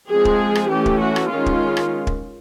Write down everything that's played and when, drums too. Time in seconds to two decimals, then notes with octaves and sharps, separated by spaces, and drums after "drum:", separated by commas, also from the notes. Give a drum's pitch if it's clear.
0.10 F3 G#3 C4 G#4
0.25 drum: kick
0.55 drum: rim click
0.71 E3 A3 C#4 G4
0.86 drum: kick
1.01 F#4
1.16 drum: rim click
1.31 D#3 G#3 C#4 F4
1.46 drum: kick
1.77 drum: rim click
2.07 drum: kick